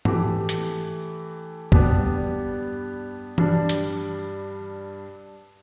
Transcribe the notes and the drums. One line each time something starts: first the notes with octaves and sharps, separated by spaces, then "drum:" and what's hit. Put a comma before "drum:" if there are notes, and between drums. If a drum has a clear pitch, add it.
E3 A3 G4, drum: tom
drum: hi-hat
G2 G3 B3 D4 G4, drum: kick
G2 G3 D4, drum: tom E3
drum: hi-hat